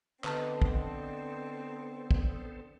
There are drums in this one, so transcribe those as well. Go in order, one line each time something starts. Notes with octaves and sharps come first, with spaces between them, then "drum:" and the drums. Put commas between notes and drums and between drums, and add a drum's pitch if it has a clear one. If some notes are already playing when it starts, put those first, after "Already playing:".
D3 B3 C4 A4 B4 C5 D#5 A5, drum: clap
drum: kick
drum: kick